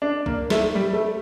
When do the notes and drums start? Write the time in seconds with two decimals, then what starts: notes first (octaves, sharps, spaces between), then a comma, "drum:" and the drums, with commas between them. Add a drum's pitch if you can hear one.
0.02 D4
0.26 A#3, drum: kick B1
0.50 A3, drum: snare
0.75 G3
0.93 A3